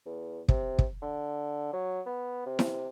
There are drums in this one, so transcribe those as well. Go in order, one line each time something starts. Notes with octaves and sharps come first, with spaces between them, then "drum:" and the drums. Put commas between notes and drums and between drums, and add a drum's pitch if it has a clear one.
E2
C3, drum: kick
drum: kick
D3
F#3
B3
C3
drum: snare E4